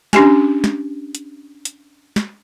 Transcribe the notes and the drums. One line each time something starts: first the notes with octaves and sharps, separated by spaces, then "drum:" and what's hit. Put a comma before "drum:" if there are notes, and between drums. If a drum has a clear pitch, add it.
C#4 D4 G4 G#5, drum: snare
drum: snare
drum: hi-hat
drum: hi-hat
drum: snare